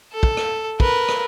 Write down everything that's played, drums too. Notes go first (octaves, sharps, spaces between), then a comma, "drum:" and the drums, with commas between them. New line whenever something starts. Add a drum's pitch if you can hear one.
A4
drum: kick
drum: rim click
A#4 B4, drum: kick
drum: rim click